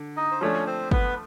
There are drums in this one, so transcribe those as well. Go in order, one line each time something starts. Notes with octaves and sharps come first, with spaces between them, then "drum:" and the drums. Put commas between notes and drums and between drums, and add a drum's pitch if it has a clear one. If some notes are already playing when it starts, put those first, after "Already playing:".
Already playing: D3
D#4 D#5
C5
F3 A3 C#4 D4 C#5
C4 C5
B3 B4, drum: kick